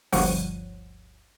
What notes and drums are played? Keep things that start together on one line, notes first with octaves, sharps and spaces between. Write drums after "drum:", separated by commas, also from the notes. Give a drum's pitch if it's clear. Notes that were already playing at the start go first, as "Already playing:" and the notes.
G1 D2 F3 G3 C#5 F#5, drum: open hi-hat